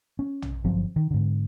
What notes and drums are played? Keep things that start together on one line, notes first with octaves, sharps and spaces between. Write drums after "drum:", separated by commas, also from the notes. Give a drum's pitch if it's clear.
C#4
drum: tom
G1 F3 F#3 C4
D#3
G#2 D3